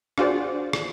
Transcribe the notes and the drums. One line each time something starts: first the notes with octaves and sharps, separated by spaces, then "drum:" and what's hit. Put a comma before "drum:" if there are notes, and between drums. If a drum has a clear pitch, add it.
D4 F4 F#4 G#4 C5 D5, drum: rim click
drum: rim click